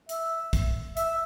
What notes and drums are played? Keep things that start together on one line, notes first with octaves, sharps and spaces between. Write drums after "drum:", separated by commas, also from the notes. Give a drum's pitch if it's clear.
E5, drum: hi-hat
drum: kick, hi-hat
E5, drum: hi-hat